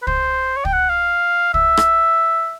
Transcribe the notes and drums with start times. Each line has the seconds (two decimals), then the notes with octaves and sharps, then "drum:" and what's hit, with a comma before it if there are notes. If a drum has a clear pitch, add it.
0.02 B4
0.07 C5, drum: kick
0.56 C#5
0.65 G5, drum: kick
0.73 F#5
0.89 F5
1.54 E5, drum: kick
1.77 drum: rim click